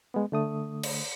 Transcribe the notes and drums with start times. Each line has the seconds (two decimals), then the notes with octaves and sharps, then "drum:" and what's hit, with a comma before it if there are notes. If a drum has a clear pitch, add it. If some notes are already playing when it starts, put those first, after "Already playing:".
0.14 G#3 B3
0.32 D3 A3 D#6
0.83 drum: cymbal